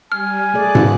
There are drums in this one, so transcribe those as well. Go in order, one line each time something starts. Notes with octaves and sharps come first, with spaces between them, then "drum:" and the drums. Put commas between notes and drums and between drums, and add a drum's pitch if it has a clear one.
G3 G#5 F6
A3 G#4 D5 F#6
drum: tom